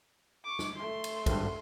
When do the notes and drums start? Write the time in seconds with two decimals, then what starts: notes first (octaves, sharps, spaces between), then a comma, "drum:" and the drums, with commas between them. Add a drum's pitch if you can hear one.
0.44 C#6 D6
0.59 drum: snare
0.76 A3 C6
1.04 drum: cymbal
1.26 G#1 G2, drum: kick, cymbal